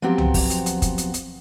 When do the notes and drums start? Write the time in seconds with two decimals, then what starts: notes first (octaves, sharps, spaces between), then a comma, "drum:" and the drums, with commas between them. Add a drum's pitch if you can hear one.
0.02 F3 F#3 B3 C4 G4
0.18 drum: tom C2
0.34 drum: kick, open hi-hat
0.50 drum: hi-hat
0.66 drum: hi-hat
0.82 drum: kick, hi-hat
0.98 drum: hi-hat
1.14 drum: hi-hat